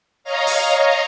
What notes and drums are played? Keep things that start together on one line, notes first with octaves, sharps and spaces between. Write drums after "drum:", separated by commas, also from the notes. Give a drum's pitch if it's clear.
C#5 D#5 F5 A#5
drum: open hi-hat